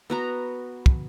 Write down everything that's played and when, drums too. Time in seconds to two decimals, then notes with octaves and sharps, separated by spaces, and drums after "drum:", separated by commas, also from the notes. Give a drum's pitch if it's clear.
0.10 B3 F#4 A#5
0.86 drum: kick